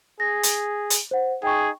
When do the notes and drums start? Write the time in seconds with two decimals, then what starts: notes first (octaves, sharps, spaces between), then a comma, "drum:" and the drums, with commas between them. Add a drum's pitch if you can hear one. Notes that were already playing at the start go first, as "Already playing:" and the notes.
0.20 G#4 A#6
0.43 drum: hi-hat
0.90 drum: hi-hat
1.11 C5 F#5
1.43 D#4 G#4 G5 C#6